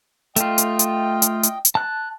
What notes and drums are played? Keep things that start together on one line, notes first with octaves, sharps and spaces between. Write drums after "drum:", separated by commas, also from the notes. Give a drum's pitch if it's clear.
A3 F4 D#5 G5, drum: hi-hat
drum: hi-hat
drum: hi-hat
drum: hi-hat
drum: hi-hat
drum: hi-hat
A5 F#6